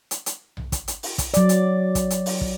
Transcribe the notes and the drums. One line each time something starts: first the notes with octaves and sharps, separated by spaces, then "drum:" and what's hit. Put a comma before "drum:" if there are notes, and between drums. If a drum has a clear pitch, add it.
drum: hi-hat
drum: hi-hat
drum: tom B1
drum: kick, hi-hat
drum: hi-hat
drum: open hi-hat
drum: kick, hi-hat
F#3 D5, drum: hi-hat
drum: hi-hat
drum: kick, hi-hat
drum: hi-hat
drum: open hi-hat
drum: kick